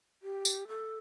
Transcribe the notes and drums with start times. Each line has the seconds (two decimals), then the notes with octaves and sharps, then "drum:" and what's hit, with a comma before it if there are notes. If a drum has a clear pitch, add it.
0.22 G4
0.45 drum: tambourine
0.68 A4